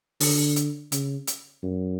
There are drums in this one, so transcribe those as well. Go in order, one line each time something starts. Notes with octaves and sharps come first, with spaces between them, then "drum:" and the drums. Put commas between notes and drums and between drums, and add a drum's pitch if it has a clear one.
D3, drum: open hi-hat
drum: hi-hat
C#3, drum: hi-hat
drum: hi-hat
F#2